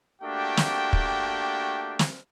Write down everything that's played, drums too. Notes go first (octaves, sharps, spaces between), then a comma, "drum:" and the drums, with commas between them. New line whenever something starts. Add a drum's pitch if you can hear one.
A3 A#3 D4 F#4 G4 G5
drum: snare
drum: kick
drum: snare